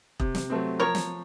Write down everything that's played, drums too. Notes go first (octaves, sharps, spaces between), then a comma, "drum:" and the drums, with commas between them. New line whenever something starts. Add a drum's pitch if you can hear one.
C3, drum: kick E1
drum: snare
F#3 A3 C4
F3 A#4 C#5
drum: snare